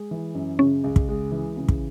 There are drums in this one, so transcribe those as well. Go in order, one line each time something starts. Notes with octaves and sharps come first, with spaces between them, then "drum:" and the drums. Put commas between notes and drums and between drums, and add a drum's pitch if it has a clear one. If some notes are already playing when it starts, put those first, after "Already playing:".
Already playing: G#3
E3
F#2
C#3 C#4
C#2
drum: kick
G#3
E3
C#3
drum: kick